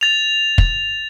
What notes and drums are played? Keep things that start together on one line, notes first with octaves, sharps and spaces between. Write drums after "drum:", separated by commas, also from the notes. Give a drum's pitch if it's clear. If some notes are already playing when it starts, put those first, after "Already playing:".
A6 F7
drum: kick